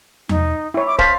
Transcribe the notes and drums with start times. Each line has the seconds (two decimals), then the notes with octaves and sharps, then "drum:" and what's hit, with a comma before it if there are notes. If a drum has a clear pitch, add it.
0.29 D#4, drum: tom E2
0.74 E4 C#5
0.87 D6
0.99 C5 F5 A5 B6, drum: kick